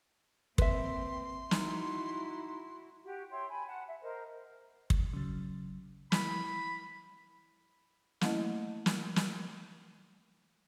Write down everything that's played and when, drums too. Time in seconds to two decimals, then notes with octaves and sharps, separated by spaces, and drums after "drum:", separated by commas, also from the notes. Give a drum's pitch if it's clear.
0.58 A#3 C4 B4 E5 C6, drum: kick
1.51 D#4 E4 F#4, drum: snare
3.04 F#4 G4
3.30 C#5 E5 G5 C6
3.50 G#5 B5
3.67 F#5 A5
3.87 E5
4.01 A#4 C5 D#5
4.90 drum: kick
5.13 C#3 F#3
6.12 E4 B5, drum: snare
8.21 F#3 A3 A#3 C#4 E4 D#5, drum: snare
8.86 drum: snare
9.16 drum: snare